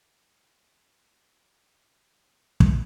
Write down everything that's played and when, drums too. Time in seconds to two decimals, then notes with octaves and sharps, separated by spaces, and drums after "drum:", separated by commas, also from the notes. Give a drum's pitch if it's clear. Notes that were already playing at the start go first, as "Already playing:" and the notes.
0.21 A5 B5
2.60 drum: kick